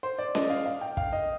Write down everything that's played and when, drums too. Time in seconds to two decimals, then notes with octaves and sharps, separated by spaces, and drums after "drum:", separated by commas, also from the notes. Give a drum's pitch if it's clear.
0.03 C5
0.19 D5
0.35 D#5, drum: snare C#4
0.50 F5
0.66 F5
0.81 G5
0.97 F5, drum: kick
1.13 D#5